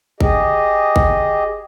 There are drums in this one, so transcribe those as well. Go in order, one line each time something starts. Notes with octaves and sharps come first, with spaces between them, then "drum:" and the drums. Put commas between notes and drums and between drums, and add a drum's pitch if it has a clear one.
G4 G#4 D#5, drum: kick G1
drum: kick G1